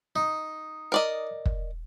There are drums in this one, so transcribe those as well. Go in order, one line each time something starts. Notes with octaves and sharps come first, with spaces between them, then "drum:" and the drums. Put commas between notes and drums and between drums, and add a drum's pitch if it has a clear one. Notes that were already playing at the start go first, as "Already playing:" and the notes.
D#4
A#4 D5 D#5
drum: kick